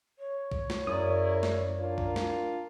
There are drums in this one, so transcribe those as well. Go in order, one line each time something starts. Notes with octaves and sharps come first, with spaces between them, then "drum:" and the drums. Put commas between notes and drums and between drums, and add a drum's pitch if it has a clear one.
C#5
drum: kick B1
drum: snare
F#2 C#3 E4 A#4 D5 D#6
drum: snare
D4 F4 A#4
drum: kick B1
drum: snare